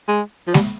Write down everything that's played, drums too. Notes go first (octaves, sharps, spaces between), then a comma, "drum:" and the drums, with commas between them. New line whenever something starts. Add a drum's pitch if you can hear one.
G#3
F3
G3, drum: snare G#3